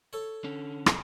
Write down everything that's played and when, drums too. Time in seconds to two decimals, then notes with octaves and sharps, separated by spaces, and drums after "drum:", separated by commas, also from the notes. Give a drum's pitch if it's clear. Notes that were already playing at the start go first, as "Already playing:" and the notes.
0.13 A4 C#5
0.44 D3 C#4
0.86 drum: rim click